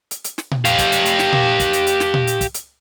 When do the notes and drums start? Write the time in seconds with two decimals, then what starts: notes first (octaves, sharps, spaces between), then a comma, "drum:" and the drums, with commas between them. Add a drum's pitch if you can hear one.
0.11 drum: hi-hat
0.24 drum: hi-hat
0.38 drum: snare
0.51 drum: tom A#2
0.65 G4 F5, drum: hi-hat
0.78 drum: kick, hi-hat
0.92 drum: hi-hat
1.05 drum: hi-hat
1.19 drum: snare
1.33 drum: tom A#2
1.60 drum: kick, hi-hat
1.73 drum: hi-hat
1.87 drum: hi-hat
2.00 drum: snare
2.14 drum: tom A#2
2.27 drum: hi-hat
2.41 drum: kick, hi-hat
2.54 drum: hi-hat